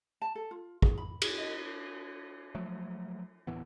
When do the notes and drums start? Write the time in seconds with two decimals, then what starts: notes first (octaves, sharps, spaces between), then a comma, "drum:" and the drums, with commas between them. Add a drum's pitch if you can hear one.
0.22 A5
0.35 A4
0.51 F4
0.82 G#4, drum: kick
0.98 B5
1.22 G#4, drum: cymbal
1.38 D#5
2.55 F3 F#3 A3
3.47 D1 A2 E3 B3